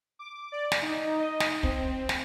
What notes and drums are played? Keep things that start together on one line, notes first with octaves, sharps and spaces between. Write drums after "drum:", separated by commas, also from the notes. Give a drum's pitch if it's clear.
D6
D5
drum: snare
D#4
D#5
drum: snare
C4, drum: kick
drum: snare